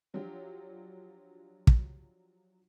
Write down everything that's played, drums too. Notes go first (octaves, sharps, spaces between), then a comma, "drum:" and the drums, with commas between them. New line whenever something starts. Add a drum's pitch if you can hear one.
F3 F#3 D4 F4 G4
drum: kick